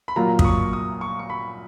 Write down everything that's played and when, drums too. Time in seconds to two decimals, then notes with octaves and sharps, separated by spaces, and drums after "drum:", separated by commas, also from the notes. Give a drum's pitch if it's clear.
0.08 B5
0.16 A#2 F#3 A#3 F4 A#5
0.39 D#6, drum: kick
0.44 C#6
0.73 D#6
1.01 C#6
1.19 C#6
1.30 B5